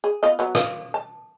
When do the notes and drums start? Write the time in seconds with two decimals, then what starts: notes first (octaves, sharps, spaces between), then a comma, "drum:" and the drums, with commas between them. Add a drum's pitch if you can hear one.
0.04 G#4
0.23 B3 F4 D#5
0.39 F#3 B3
0.55 F5, drum: rim click
0.94 A5